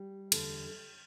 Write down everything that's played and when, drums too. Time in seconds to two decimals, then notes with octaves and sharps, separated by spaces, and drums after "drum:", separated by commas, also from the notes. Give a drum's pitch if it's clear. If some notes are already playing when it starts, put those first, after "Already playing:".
Already playing: G3
0.32 E2 D3, drum: cymbal